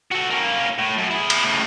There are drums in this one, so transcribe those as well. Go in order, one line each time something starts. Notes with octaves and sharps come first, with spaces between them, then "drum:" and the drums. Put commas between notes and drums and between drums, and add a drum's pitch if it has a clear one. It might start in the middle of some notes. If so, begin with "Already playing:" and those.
F#4 A4
A#3 C#4
A2
F#2
E4 G#4
drum: cymbal
A2 C#3